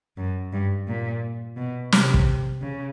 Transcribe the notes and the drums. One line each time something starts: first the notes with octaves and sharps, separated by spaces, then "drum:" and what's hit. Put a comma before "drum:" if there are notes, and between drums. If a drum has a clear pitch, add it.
F#2
G2
A#2
B2
C3, drum: snare
drum: kick
C#3